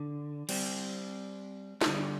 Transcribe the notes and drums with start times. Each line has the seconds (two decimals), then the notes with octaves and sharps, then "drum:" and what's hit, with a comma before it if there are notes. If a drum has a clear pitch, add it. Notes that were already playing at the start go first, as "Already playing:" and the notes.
Already playing: D3
0.49 G3 C4, drum: cymbal
1.81 A3, drum: snare
1.87 D3 G3